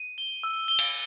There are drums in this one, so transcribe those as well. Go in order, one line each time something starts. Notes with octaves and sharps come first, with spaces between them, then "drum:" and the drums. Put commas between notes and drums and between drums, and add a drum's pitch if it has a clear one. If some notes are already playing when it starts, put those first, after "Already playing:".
Already playing: D#7
G7
E6
G7
drum: cymbal